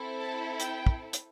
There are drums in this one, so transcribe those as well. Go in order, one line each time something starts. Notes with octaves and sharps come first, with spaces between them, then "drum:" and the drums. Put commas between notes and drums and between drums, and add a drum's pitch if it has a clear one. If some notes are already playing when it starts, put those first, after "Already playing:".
Already playing: C4 E4 A4
A5
G5, drum: hi-hat
drum: kick
drum: hi-hat